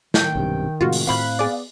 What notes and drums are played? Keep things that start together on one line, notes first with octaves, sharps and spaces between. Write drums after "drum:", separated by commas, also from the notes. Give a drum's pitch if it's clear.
D#3 G5, drum: snare
B1 G2 C3
A2 C3 G#3 F4 F#4
drum: open hi-hat
A2 C4 F5 B5 F#6
B3 G#4 D5